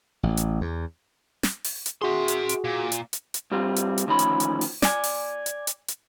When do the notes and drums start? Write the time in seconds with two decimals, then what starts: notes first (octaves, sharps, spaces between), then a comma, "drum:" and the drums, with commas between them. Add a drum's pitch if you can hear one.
0.23 A1
0.37 drum: hi-hat
0.61 E2
1.43 drum: snare
1.64 drum: open hi-hat
1.86 drum: hi-hat
2.02 F#4 G#4 E5 C6
2.28 drum: hi-hat
2.49 drum: hi-hat
2.64 A#2
2.92 drum: hi-hat
3.13 drum: hi-hat
3.34 drum: hi-hat
3.52 G2 G3 C4 F4
3.76 drum: hi-hat
3.98 drum: hi-hat
4.07 D2 D#3 F3 C#4 B5 C6
4.19 drum: hi-hat
4.40 drum: hi-hat
4.61 drum: open hi-hat
4.82 D5 G#5, drum: snare
5.04 drum: open hi-hat
5.46 drum: hi-hat
5.67 drum: hi-hat
5.88 drum: hi-hat